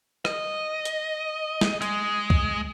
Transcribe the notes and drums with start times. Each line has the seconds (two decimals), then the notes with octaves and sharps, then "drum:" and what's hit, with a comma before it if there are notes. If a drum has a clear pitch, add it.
0.25 D#5, drum: rim click
0.85 drum: hi-hat
1.61 drum: snare
1.82 G#3, drum: hi-hat
2.30 drum: kick